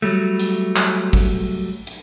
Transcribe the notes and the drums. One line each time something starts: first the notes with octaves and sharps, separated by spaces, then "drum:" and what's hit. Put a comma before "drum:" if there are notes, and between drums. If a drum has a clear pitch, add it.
F#3 G3 A3
drum: hi-hat
drum: clap
drum: kick G#1, open hi-hat
drum: hi-hat